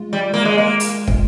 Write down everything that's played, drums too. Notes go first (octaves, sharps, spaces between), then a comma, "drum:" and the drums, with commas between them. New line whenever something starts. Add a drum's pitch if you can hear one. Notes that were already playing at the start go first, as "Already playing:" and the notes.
Already playing: G#3 F4
G3
A#3
G#3
A#3
drum: open hi-hat
drum: kick